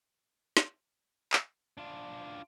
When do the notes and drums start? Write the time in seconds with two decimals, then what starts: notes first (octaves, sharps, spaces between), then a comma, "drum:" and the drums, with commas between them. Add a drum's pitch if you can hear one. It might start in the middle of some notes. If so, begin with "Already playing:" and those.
0.57 drum: snare
1.33 drum: clap
1.78 D4 F4